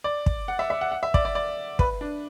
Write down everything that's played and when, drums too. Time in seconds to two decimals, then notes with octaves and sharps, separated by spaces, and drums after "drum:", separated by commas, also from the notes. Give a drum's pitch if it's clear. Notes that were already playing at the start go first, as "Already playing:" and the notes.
0.04 D5
0.26 drum: kick
0.48 F#5
0.59 E5
0.70 E5
0.81 F#5
0.92 F#5
1.03 E5
1.14 D5, drum: kick
1.25 D5
1.35 D5
1.79 B4, drum: kick
2.01 D4